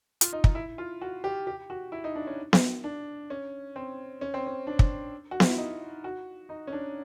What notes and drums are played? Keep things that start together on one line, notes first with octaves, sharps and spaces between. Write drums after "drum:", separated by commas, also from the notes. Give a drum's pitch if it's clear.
F4, drum: hi-hat
D#4
D#4, drum: kick
E4
F4
F#4
G4
G4
F#4
E4
D#4
D4
C#4
drum: snare B3
D4
C#4
C4
C#4
C4
C#4
D4
drum: kick
F#4
F4, drum: snare B3
E4
D#4
F#4
D#4
C#4
D4